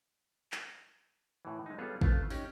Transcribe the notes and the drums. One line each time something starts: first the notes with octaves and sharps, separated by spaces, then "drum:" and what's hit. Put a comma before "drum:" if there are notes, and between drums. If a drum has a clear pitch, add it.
drum: clap
A2 E3
G#3 D#4
G3 B3 F4 G#4 A4 C#5
A3 B3 F4 C5, drum: kick
C#4 D#4 G4, drum: open hi-hat